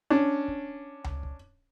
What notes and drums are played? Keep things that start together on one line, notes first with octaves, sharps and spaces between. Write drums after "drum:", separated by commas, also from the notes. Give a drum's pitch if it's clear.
C#4 D4
drum: kick
drum: tom C#2
drum: kick